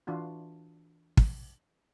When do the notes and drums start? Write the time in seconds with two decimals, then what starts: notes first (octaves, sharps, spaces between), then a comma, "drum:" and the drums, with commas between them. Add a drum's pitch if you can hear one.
0.07 E3 D4 F4 F#4
1.17 drum: kick